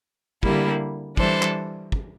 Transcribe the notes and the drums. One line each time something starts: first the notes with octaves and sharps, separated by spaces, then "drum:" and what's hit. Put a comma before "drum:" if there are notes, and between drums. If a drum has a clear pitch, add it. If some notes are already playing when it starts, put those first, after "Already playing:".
D3 G3 A#3 E4, drum: kick
E3 G3 D4 A4 C5, drum: kick
drum: clap
drum: kick